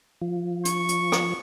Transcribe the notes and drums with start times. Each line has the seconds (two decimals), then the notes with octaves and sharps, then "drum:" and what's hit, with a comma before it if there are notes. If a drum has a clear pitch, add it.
0.22 F3
0.65 C#6, drum: hi-hat
0.88 drum: hi-hat
1.12 drum: rim click